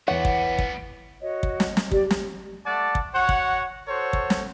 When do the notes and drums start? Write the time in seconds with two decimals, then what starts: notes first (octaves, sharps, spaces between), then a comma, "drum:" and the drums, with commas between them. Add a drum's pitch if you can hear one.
0.08 E2 E3 G3 B3 C#5 F#5
0.25 drum: kick
0.59 drum: kick
1.21 F#4 C#5 D#5
1.43 drum: kick
1.60 drum: snare
1.77 drum: snare
1.92 G4 D5, drum: kick
2.11 drum: snare
2.65 A3 D5 F#5 A5
2.95 drum: kick
3.13 F#4 C#5 F#5
3.29 drum: kick
3.88 F#4 A4 C5 C#5
4.13 drum: kick
4.30 drum: snare